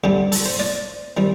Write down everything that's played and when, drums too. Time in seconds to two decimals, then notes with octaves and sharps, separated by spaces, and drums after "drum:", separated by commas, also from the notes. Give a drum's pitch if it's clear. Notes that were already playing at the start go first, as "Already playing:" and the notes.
0.04 D2 D3 G3 C4 G4
0.32 A4, drum: open hi-hat
0.46 C5
0.59 D5, drum: snare
1.17 D#3 G3 C4